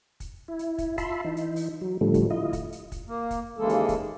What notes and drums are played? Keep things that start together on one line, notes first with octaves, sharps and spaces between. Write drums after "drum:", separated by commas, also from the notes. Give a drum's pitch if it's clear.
drum: kick, hi-hat
E4
drum: hi-hat
drum: kick, hi-hat
F4 E5 A5 B5 C6, drum: kick, hi-hat
E3 D#4
drum: hi-hat
drum: open hi-hat
F#3
A2 D3 F3 G3 A3
drum: kick, hi-hat
E4 F4 D#5
drum: kick, hi-hat
drum: hi-hat
drum: kick, hi-hat
A#3
drum: kick, hi-hat
D#2 C#3 E3 G#3 A#3 A4
drum: hi-hat
drum: kick, hi-hat